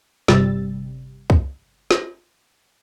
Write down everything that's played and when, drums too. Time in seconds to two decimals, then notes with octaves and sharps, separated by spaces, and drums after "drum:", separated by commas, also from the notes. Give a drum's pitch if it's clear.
0.28 G1 C3 G3 E6 A6, drum: snare
1.30 drum: kick
1.91 drum: snare